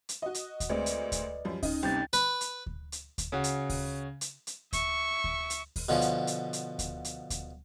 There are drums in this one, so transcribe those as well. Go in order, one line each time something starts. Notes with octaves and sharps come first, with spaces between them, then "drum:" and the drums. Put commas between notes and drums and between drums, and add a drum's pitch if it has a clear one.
drum: hi-hat
F#4 D#5
drum: hi-hat
drum: kick D2, hi-hat
D2 G#3 C4 B4 D5 D#5
drum: hi-hat
drum: kick D2, hi-hat
F#2 F3 G3
C#4 D#4 D#5, drum: kick D2, open hi-hat
G1 C2 C3 G5 G6 A6
B4, drum: hi-hat
drum: hi-hat
drum: kick D2
drum: hi-hat
drum: kick D2, hi-hat
C#3 F#4
drum: hi-hat
drum: kick D2, open hi-hat
drum: hi-hat
drum: hi-hat
E5 C#6, drum: kick D2, hi-hat
drum: kick D2
drum: hi-hat
drum: kick D2, open hi-hat
B2 D3 F3 C#4
drum: hi-hat
drum: hi-hat
drum: hi-hat
drum: kick D2, hi-hat
drum: hi-hat
drum: kick D2, hi-hat